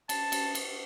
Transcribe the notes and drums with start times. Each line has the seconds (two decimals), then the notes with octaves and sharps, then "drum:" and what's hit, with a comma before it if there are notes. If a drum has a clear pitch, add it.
0.09 A5, drum: cymbal
0.32 drum: cymbal
0.55 drum: cymbal